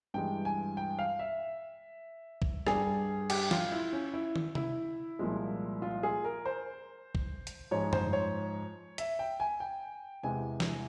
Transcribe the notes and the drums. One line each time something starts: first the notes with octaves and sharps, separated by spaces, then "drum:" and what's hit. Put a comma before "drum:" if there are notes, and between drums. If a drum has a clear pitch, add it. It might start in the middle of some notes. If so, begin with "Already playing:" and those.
G2 E3 G#3 G5
G#5
G5
F5
E5
drum: kick B1
G2 G3 G#4, drum: rim click
G4, drum: cymbal
F4, drum: snare
E4
C#4
E4
drum: tom
E4, drum: tom C3
C2 A#2 F3 G#3
F4
G#4
A#4
C5
drum: kick B1
drum: hi-hat
G#2 F3 G#3 C#5
C5, drum: tom F#2
C#5
E5, drum: hi-hat
G5
G#5
G5
E2 C3 E3 G#3 G#5
drum: snare